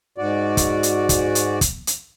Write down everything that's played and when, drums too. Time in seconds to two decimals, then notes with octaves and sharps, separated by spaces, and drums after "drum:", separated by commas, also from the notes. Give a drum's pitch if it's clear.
0.18 G#2 F#4 D5
0.57 drum: kick, hi-hat
0.83 drum: hi-hat
1.09 drum: kick, hi-hat
1.35 drum: hi-hat
1.61 drum: kick, hi-hat
1.87 drum: hi-hat